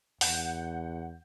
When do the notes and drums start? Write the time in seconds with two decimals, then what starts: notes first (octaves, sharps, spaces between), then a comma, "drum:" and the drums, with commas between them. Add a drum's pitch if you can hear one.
0.21 E2 F#5 G6, drum: open hi-hat